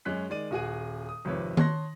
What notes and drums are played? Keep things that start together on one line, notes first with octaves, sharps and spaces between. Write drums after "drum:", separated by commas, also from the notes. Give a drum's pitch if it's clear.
F#2 G#3 C#4 F#6 B6
D#3 G#3 D5 D#7
D#1 F#4 G#4 D#7
D#6
G#1 F2 C3 B4 C#5
C#5 A5 C6 F#6 A#6, drum: tom D#3